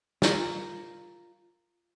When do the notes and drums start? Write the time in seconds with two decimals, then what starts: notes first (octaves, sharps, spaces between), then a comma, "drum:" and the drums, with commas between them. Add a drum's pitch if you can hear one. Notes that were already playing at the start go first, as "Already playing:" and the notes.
0.22 F4 A#4, drum: snare